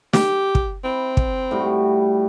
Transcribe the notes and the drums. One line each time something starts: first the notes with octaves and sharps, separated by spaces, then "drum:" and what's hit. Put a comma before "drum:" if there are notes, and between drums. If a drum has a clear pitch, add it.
G4, drum: snare
drum: kick
C4 E4
drum: kick
A2 G3 F#4